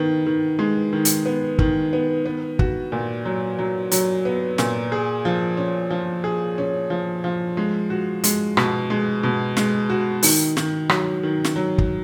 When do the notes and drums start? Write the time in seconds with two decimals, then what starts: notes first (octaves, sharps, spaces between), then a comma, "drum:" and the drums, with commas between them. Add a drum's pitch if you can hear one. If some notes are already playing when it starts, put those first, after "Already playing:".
Already playing: D#3 B3
0.26 D#3
0.59 G#3
0.93 D#3
1.05 drum: hi-hat
1.26 B3
1.59 D#3, drum: kick
1.93 B3
2.25 B3
2.59 F#4, drum: kick
2.92 A#2
3.25 F#3
3.59 F#3
3.91 F#3, drum: hi-hat
4.25 B3
4.58 A#2, drum: snare
4.92 G#4
5.25 F3
5.57 C#4
5.90 F3
6.24 G#4
6.58 C#4
6.90 F3
7.24 F3
7.57 G#3
7.90 F#4
8.24 G#3, drum: hi-hat
8.57 B2, drum: rim click
8.90 G#3
9.23 B2
9.57 G#3, drum: snare
9.90 F#4
10.23 D#3, drum: open hi-hat
10.57 D#3, drum: snare
10.89 F#3, drum: rim click
11.23 D#3
11.44 drum: snare
11.56 F#3
11.78 drum: kick